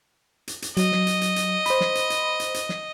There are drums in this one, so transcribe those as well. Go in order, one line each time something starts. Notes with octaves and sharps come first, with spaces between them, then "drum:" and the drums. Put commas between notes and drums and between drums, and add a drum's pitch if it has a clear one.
drum: hi-hat
drum: hi-hat
F#3 D#5, drum: hi-hat
drum: snare
drum: hi-hat
drum: hi-hat
drum: hi-hat
C5 B5, drum: hi-hat
drum: snare
drum: hi-hat
drum: hi-hat
drum: hi-hat
drum: hi-hat
drum: snare